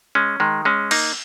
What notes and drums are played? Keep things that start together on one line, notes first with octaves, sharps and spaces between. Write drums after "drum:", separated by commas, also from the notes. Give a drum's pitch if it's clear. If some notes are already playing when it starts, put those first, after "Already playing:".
G#3 C#4
D#3 G#3
G#3 C#4
A#3 D#4, drum: cymbal